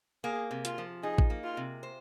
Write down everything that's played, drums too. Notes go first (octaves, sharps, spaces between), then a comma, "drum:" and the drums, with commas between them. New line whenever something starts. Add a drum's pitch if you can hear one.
A#3 G#4
C3
F4, drum: hi-hat
F3
D#4 G#4
drum: kick A1
A#3
F4
C3
C5